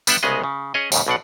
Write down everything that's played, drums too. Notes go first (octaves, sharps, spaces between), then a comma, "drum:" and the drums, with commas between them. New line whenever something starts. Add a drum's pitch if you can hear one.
G3 B3 D4 E5 F#5 G5, drum: tambourine
C2 C#3 G#3 B3 G#4 D#5
C#3
C#4 G#4 C#5 D#5
D#2 G#2 C#3, drum: tambourine
B1 B2 D4 F#5